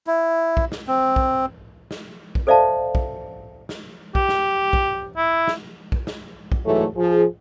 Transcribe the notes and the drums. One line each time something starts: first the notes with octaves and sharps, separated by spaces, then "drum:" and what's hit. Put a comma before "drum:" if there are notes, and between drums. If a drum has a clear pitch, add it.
E4
drum: kick
drum: snare
C4
drum: kick
drum: snare
drum: kick
A4 C5 D5 E5 F5 A5
drum: kick
drum: snare
G4, drum: kick
drum: snare
drum: kick
E4
drum: snare
drum: kick
drum: snare
drum: kick
G#2 E3 F#3 A3
F3 G#4